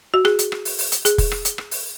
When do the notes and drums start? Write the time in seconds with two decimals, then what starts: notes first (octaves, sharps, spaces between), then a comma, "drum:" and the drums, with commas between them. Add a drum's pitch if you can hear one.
0.14 F#4
0.25 G#4, drum: rim click
0.39 drum: hi-hat
0.52 drum: rim click
0.65 drum: open hi-hat
0.78 drum: open hi-hat
0.92 drum: hi-hat
1.05 G#4, drum: hi-hat
1.18 drum: kick, open hi-hat
1.32 drum: rim click
1.45 drum: hi-hat
1.58 drum: rim click
1.71 drum: open hi-hat